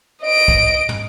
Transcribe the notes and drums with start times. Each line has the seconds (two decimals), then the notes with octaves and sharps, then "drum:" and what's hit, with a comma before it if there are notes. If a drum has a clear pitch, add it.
0.23 D#5 D7
0.48 drum: kick
0.89 drum: tom